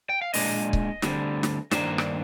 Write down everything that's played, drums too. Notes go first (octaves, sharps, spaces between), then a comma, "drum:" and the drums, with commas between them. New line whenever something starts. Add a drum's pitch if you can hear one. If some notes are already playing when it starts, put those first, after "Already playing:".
G5
F5
A#2 G#3 D4 D#5, drum: open hi-hat
drum: kick C#1
D2 D3 G3 C4, drum: snare
drum: snare
G2 D#3 A#3 D4 C5, drum: snare
drum: rim click